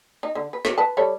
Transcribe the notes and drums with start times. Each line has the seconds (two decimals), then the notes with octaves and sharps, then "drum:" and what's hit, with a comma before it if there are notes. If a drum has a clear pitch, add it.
0.23 D#4
0.35 D3
0.53 B4
0.65 drum: snare
0.78 B4 A5
0.97 G3 A4 C#5